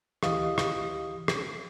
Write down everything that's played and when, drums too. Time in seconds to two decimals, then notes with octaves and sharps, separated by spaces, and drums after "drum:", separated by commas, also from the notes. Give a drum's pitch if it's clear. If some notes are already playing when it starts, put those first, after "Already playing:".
0.23 D2 E3 G4 D#5 F5 D#6, drum: rim click
0.58 drum: rim click
1.28 drum: rim click